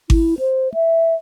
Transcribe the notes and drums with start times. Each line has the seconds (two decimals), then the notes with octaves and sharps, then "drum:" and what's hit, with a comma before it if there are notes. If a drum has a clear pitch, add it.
0.10 E4, drum: kick G#1
0.39 C5
0.74 E5